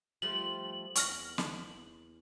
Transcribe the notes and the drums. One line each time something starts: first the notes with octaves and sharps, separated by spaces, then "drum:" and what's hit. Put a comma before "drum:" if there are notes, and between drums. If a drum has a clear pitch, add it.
F3 G3 A3 F#7
E2 C#6 F6 A#6, drum: hi-hat
drum: snare